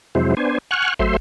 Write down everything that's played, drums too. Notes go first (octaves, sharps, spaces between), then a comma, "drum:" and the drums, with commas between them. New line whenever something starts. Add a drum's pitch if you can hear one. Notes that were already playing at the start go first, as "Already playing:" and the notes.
F2 C3 F#3 G#3 E4 C5
B3 D4 C5 G#5
F#5 G#5 C#6 F6 F#6
F#3 A3 C5 E5 C6, drum: kick